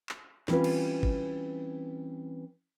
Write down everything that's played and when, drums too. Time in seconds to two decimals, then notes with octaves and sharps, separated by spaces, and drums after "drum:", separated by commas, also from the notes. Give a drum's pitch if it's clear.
0.09 drum: clap
0.48 E3 G3 C4 C#4 F4 B4, drum: snare
0.64 drum: cymbal
1.03 drum: kick